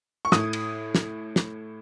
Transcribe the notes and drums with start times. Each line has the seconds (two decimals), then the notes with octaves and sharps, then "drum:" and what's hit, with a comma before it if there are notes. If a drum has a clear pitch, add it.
0.25 C#6
0.32 A2 D#6, drum: snare
0.53 drum: cymbal
0.95 drum: snare
1.36 drum: snare